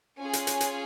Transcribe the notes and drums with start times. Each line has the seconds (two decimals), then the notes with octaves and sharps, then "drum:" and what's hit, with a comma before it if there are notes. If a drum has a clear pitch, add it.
0.20 C#4 F4 G#4 G#5
0.33 drum: hi-hat
0.47 drum: hi-hat
0.61 drum: hi-hat